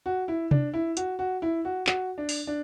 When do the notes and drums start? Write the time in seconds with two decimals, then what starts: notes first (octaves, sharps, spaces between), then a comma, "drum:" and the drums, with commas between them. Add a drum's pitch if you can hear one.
0.06 F#4
0.28 E4
0.51 D4, drum: tom C3
0.74 E4
0.97 F#4, drum: hi-hat
1.19 F#4
1.42 E4
1.65 F#4
1.87 F#4, drum: clap
2.18 D4
2.29 drum: open hi-hat
2.47 D4